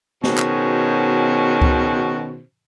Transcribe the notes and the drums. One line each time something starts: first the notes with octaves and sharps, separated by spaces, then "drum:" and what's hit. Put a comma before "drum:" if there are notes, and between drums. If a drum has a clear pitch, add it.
B2 D#3 C#4 F#4 G#4 C5, drum: snare
drum: clap
drum: kick C#2